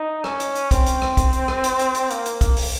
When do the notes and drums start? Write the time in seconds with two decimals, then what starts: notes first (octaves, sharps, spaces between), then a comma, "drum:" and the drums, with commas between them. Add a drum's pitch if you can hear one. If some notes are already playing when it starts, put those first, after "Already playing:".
Already playing: D#4
0.24 C#4, drum: rim click
0.40 drum: hi-hat
0.55 drum: hi-hat
0.71 C4, drum: kick, hi-hat
0.86 drum: hi-hat
1.02 drum: rim click
1.17 drum: kick, hi-hat
1.33 drum: hi-hat
1.48 drum: rim click
1.64 drum: hi-hat
1.79 drum: hi-hat
1.95 drum: hi-hat
2.10 A#3, drum: hi-hat
2.26 drum: hi-hat
2.41 drum: kick, hi-hat
2.56 drum: open hi-hat